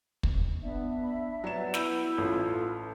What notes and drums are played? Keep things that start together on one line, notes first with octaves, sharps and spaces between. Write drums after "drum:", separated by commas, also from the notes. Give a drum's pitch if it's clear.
drum: kick
B3 D4 E5
B5
F#3 B3 D5 E7
E4 B5 E6 G6, drum: snare
A1 F4 A4